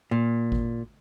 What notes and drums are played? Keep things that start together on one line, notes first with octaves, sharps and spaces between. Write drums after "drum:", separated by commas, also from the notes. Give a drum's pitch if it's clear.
A#2
drum: kick G#1